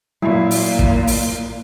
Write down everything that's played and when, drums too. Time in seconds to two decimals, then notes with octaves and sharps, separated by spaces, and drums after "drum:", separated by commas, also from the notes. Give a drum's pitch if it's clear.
0.22 A#2 F#3 E4
0.51 drum: open hi-hat
0.79 drum: kick
1.07 drum: open hi-hat